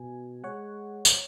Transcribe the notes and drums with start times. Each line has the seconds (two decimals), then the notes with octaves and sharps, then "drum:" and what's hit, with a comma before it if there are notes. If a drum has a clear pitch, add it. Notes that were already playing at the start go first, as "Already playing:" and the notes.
Already playing: B2 G#5
0.44 G#3 C#5 F#5
1.05 drum: tambourine